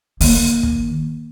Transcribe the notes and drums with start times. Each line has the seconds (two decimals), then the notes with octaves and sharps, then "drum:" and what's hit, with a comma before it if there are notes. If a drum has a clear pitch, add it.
0.21 D#3 A#3, drum: open hi-hat
0.63 drum: kick